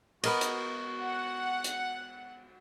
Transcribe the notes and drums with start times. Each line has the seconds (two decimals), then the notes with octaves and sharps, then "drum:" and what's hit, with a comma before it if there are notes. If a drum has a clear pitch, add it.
0.24 B3 F#4 A#4 D#5, drum: cymbal
0.41 drum: hi-hat
1.00 F#5
1.64 drum: hi-hat